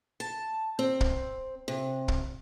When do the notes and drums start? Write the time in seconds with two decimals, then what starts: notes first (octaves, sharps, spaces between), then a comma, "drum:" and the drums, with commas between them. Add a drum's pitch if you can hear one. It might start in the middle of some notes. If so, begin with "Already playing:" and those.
0.20 A5
0.79 C4
1.01 drum: kick
1.68 C3
2.08 drum: kick